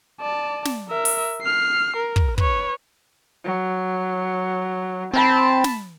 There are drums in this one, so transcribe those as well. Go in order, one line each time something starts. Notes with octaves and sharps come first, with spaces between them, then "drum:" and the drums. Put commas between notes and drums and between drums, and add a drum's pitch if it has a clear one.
D5 A5
drum: snare
A#4 E5
drum: open hi-hat
F6 C7
A#4
drum: kick
B4 C#5, drum: kick
F#3
C4 A5 B5
drum: snare